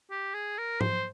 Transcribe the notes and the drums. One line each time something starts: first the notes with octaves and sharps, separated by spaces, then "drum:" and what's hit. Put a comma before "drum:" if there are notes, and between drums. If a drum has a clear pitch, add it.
G4
G#4
A#4
C5, drum: tom G#2